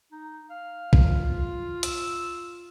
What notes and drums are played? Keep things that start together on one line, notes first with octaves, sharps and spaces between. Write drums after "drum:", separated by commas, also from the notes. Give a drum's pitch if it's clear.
D#4
F5
F4, drum: kick B1
E6, drum: hi-hat